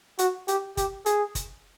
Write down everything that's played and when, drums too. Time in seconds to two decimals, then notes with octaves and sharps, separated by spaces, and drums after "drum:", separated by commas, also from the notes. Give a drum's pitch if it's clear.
0.19 F#4, drum: hi-hat
0.48 G4, drum: hi-hat
0.77 G4, drum: kick, hi-hat
1.06 G#4, drum: hi-hat
1.35 drum: kick, hi-hat